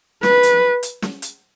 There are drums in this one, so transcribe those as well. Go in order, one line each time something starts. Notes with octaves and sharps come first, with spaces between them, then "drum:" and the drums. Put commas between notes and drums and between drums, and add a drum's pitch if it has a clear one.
B4, drum: snare
drum: hi-hat
drum: hi-hat
drum: snare
drum: hi-hat